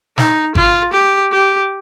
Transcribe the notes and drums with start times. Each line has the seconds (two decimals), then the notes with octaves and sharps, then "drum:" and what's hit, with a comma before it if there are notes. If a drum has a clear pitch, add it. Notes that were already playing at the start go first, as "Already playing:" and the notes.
0.18 D#4, drum: snare
0.55 F4, drum: kick G#1
0.93 G4
1.32 G4